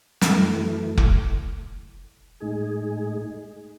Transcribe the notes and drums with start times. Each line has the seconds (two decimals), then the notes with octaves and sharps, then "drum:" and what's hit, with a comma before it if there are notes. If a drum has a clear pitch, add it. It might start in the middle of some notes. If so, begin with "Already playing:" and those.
0.21 F#2 E3 A3, drum: snare
0.98 drum: kick F1
2.40 A2 G#3 D#4 G#4